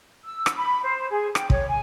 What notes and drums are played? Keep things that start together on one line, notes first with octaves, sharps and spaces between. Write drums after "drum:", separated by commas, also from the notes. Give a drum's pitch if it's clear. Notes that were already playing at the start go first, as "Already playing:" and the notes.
E6
drum: rim click
B5
C5
G#4
G5, drum: rim click
C#5, drum: kick
G#5